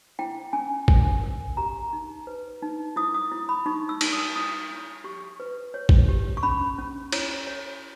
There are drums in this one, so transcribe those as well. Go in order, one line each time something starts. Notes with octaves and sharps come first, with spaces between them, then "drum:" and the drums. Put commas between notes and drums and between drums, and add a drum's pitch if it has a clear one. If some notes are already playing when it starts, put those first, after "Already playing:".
E4 G5
C#4 G#5
A#4 G#5, drum: kick
A#4
G4 A#5
D#4
B4
D#4
E4 D#6
D#6
E4
B5
D#4 C#6
E6
D#4, drum: cymbal
D#6
E4 D#6
E4
G4 C#6
B4
C#5
drum: kick
G4
C#6
C#4 B5
C#4
E4 C#5, drum: cymbal
C#5